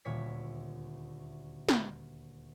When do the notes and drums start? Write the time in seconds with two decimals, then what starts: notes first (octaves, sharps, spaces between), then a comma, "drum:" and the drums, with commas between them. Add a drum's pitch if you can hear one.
0.05 D#1 D2 A#2 C#5 B6
1.69 drum: snare